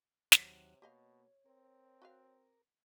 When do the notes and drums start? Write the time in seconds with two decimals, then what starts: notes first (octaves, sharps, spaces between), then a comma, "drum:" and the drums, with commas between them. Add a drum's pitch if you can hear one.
0.32 D#2 C3 F#3 C#5 F#5, drum: snare
0.82 B2 A#3 G4 D#5 F5
1.46 C4 A#4
2.02 F#4 B4 F5